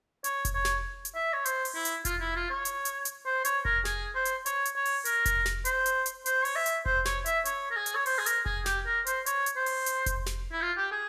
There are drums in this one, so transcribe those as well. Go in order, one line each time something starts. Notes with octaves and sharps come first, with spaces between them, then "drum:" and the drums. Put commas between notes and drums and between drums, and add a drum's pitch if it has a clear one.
C#5, drum: hi-hat
drum: kick F1, hi-hat
C#5
drum: snare
drum: hi-hat
E5
C#5
C5, drum: hi-hat
drum: open hi-hat
E4
drum: hi-hat
F4, drum: kick F1, hi-hat
E4
F4
C#5
drum: hi-hat
drum: hi-hat
drum: hi-hat
C5
C#5, drum: hi-hat
A#4, drum: kick F1
G#4, drum: snare
C5
drum: hi-hat
C#5, drum: hi-hat
drum: hi-hat
C#5
drum: open hi-hat
A#4, drum: hi-hat
drum: kick F1, hi-hat
drum: snare
C5, drum: hi-hat
drum: hi-hat
drum: hi-hat
C5, drum: hi-hat
C#5, drum: open hi-hat
E5
drum: hi-hat
C5, drum: kick F1
C#5, drum: snare
E5, drum: hi-hat
C#5, drum: hi-hat
A#4
G#4
drum: hi-hat
C#5
C5, drum: open hi-hat
G#4
A#4, drum: hi-hat
G#4, drum: kick F1
G4, drum: snare
A#4
C5, drum: hi-hat
C#5, drum: hi-hat
drum: hi-hat
C5
drum: open hi-hat
drum: hi-hat
drum: kick F1, hi-hat
drum: snare
E4
F4
G4
G#4